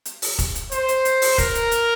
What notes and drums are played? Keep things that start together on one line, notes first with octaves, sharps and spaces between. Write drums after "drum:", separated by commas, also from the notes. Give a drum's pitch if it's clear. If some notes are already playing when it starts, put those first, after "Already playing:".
drum: hi-hat
drum: open hi-hat
drum: kick F1, hi-hat
drum: hi-hat
C5, drum: hi-hat
drum: hi-hat
drum: hi-hat
drum: open hi-hat
A#4, drum: kick F1, hi-hat
drum: hi-hat
drum: hi-hat